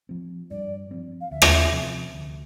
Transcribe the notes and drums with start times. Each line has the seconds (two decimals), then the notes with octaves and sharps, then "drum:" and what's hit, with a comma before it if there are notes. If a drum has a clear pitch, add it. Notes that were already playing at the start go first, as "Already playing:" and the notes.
0.09 F3 C4
0.50 G2 D5
0.91 F3 C4
1.21 F5
1.31 D2 E5
1.42 drum: rim click
1.72 C3 F3 C4
2.13 D2